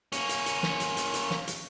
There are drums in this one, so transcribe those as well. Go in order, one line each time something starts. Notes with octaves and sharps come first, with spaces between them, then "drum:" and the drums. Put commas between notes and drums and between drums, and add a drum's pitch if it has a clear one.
A#3 C#4, drum: hi-hat
drum: hi-hat
drum: hi-hat
drum: snare
drum: hi-hat
drum: hi-hat
drum: hi-hat
drum: snare
drum: hi-hat